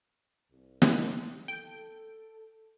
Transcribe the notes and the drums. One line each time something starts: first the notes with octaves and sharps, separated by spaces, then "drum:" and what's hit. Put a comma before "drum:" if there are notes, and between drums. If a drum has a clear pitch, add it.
C2
drum: snare
A4 G5